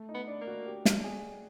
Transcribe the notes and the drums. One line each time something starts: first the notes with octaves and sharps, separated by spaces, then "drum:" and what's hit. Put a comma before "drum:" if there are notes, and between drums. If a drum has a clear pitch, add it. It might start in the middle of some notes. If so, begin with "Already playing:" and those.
Already playing: A3
D#4
B3
D4
A#3
F#4
G4
drum: snare
G#4